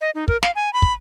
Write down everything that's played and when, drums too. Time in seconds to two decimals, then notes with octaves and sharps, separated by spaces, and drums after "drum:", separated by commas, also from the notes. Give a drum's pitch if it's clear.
0.01 D#5
0.15 D#4
0.28 A#4, drum: kick
0.43 F5, drum: snare
0.55 G#5
0.73 B5
0.82 drum: kick